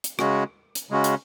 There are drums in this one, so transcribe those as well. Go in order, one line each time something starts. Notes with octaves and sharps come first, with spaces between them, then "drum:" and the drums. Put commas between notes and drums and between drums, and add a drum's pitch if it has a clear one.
drum: hi-hat
C#3 G#3 C#4 F#4, drum: rim click
drum: hi-hat
C#3 G#3 C#4 F#4
drum: hi-hat